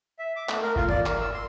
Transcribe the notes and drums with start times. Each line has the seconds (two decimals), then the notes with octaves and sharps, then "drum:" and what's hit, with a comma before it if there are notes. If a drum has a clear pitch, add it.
0.19 E5
0.36 D6
0.49 A3, drum: clap
0.62 A#4
0.76 F4, drum: kick G1
0.89 D5, drum: tom
1.06 A#4, drum: clap
1.21 E6
1.34 C6